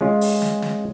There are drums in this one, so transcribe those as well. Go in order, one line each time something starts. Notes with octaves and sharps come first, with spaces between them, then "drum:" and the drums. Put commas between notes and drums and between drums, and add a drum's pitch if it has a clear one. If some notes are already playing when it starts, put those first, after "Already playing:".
G#3 C#4 F4
drum: open hi-hat
drum: snare
drum: snare